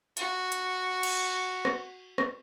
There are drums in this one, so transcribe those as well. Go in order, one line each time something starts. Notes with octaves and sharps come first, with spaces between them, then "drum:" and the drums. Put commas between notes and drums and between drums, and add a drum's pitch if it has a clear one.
F#4, drum: hi-hat
drum: hi-hat
drum: cymbal
drum: rim click
drum: rim click